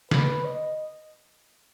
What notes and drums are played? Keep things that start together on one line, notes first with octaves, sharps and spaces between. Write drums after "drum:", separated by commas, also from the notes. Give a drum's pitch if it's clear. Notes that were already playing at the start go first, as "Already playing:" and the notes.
B4, drum: snare
D#5